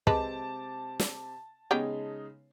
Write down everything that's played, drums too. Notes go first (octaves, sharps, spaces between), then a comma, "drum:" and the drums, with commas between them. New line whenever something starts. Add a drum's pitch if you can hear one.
C3 G#3 C4 B4 A5 D6, drum: kick
drum: snare
C#3 G#3 B3 C#4 D#4 G4